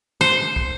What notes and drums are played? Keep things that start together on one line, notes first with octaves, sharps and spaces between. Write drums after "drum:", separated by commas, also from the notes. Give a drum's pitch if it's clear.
C5
drum: kick